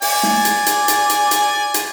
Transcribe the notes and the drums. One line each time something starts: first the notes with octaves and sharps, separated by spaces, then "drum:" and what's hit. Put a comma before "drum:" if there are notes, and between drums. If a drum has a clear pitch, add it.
D5 G#5, drum: open hi-hat
drum: snare
drum: hi-hat
drum: hi-hat
drum: hi-hat
drum: hi-hat
drum: hi-hat
drum: hi-hat